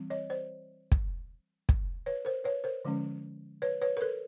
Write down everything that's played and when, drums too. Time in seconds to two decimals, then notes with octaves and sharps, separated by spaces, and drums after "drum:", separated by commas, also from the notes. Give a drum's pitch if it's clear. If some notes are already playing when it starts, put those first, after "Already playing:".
Already playing: E3 G3 C4
0.10 C#5 D#5
0.30 C5 D5
0.92 drum: kick
1.69 drum: kick
2.06 B4 C#5
2.25 A#4 C5
2.44 B4 C#5
2.64 A#4 C5
2.85 D3 F3 G#3 C#4
3.62 B4 C#5
3.82 B4 C#5
3.97 A#4
4.01 A4 B4